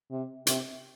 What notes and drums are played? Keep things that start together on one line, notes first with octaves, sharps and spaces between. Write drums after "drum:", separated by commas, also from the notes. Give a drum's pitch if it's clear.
C3
C3, drum: hi-hat